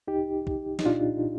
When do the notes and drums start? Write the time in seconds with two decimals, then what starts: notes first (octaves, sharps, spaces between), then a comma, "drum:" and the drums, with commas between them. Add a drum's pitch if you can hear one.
0.07 C2 D#4 G4
0.47 C2, drum: kick
0.79 D#4, drum: snare
0.85 A#2 D4 F4